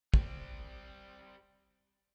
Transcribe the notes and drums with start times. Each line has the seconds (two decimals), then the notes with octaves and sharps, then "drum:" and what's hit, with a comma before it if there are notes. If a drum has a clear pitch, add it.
0.14 G3 C4, drum: kick